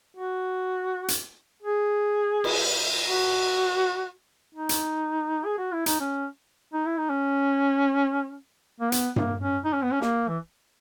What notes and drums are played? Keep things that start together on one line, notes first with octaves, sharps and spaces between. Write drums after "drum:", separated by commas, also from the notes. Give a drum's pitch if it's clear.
F#4
drum: hi-hat
G#4
drum: cymbal
F#4
D#4
drum: hi-hat
G#4
F#4
E4
D#4, drum: hi-hat
C#4
D#4
E4
D#4
C#4
A#3
B3, drum: hi-hat
A#3, drum: tom G2
C#4
D#4
C#4
B3
C#4
A#3, drum: snare
E3